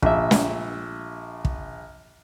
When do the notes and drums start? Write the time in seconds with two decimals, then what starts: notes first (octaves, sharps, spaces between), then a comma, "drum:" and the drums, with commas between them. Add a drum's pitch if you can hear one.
0.02 A#1 E5, drum: kick
0.31 drum: snare
1.45 drum: kick